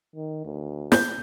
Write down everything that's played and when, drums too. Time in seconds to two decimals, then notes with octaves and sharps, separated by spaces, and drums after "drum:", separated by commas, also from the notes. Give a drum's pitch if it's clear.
0.16 D#3
0.45 D2
0.92 G6, drum: snare